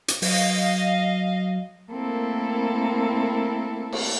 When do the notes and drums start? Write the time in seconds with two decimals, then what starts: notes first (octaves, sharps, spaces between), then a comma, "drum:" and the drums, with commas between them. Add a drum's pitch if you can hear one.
0.08 drum: hi-hat
0.22 F#3 D#5 F5, drum: open hi-hat
1.92 A3 A#3 C4 E4 A4 A#4
3.93 drum: cymbal